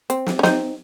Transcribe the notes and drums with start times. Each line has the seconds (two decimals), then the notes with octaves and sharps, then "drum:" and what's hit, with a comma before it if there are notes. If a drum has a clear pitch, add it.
0.10 C4, drum: hi-hat
0.27 drum: snare
0.39 C#4
0.43 C4 D#4, drum: snare